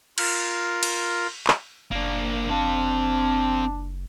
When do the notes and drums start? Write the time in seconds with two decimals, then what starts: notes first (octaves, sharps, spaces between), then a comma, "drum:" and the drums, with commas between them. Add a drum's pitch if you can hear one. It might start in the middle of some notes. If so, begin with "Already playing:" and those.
0.18 F4 A#4, drum: cymbal
0.83 drum: cymbal
1.47 drum: clap
1.91 F#1 A#3 D4
2.50 C4 D4 F5